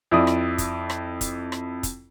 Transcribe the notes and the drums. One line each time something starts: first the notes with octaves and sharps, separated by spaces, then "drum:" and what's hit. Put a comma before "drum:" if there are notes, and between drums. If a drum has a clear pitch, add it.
F2 E4 D5 D#6
drum: rim click
drum: kick, hi-hat
drum: rim click
drum: kick, hi-hat
drum: rim click
drum: kick, hi-hat